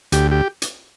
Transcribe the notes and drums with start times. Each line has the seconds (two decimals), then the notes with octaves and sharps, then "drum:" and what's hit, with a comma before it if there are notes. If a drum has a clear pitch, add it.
0.12 D2 G4, drum: hi-hat
0.31 G4
0.62 drum: hi-hat